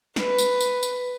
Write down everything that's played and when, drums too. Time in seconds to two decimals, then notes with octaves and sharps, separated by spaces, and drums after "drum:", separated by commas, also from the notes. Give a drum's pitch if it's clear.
0.16 B4, drum: snare
0.38 drum: tambourine
0.61 drum: tambourine
0.83 drum: tambourine